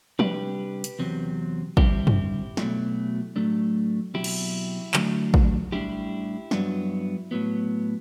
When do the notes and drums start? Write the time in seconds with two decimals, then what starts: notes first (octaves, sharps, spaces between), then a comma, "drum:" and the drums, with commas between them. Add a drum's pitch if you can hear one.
0.19 C3 G3 D4 G4 B4, drum: tom
0.84 drum: hi-hat
0.99 E2 C3 F#3 C4
1.77 G2 D3 G3 C4 E4 G4, drum: kick
2.07 drum: tom
2.57 B2 F#3 A3, drum: snare
3.36 A2 F#3 A3 D4
4.14 B2 F#3 C4 E4 G4
4.24 drum: cymbal
4.94 D3 F#3 A3 D4, drum: clap
5.34 drum: kick
5.72 A2 G3 D4 E4 G4
6.51 G2 F#3 B3 D4, drum: snare
7.31 A2 F#3 B3